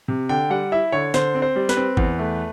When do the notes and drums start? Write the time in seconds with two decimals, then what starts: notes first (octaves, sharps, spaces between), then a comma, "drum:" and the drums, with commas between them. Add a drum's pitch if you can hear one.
0.08 C3
0.29 D3 G5
0.50 G3 F#5
0.72 E4 E5
0.92 D3 C#5
1.14 D3 C5, drum: snare
1.35 C4
1.42 C5
1.56 G3
1.69 B4, drum: snare
1.77 C4
1.97 E2, drum: kick G#1
2.19 A3